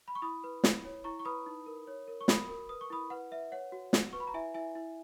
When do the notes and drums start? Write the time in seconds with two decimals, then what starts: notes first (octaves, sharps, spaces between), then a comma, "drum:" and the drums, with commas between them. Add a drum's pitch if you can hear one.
0.08 B5
0.15 C#6
0.22 E4 B5 D#6
0.44 B4
0.64 E4, drum: snare
0.84 C#5
1.04 E4 A#5 C#6
1.19 C#6
1.25 B4 B5 D#6
1.46 D#4
1.66 A#4
1.87 C#5
2.08 A#4
2.21 C#6
2.28 F#4 B5 D#6, drum: snare
2.49 A#4
2.69 B4 D#6
2.81 C#6
2.90 E4 B5 D#6
3.10 B4 F#5
3.31 B4 E5
3.52 C#5 F#5
3.72 F#4
3.93 F#4, drum: snare
4.13 B4 C#6
4.20 B5
4.27 A#5
4.34 E4 E5 G#5
4.54 E4 E5 G#5
4.75 E4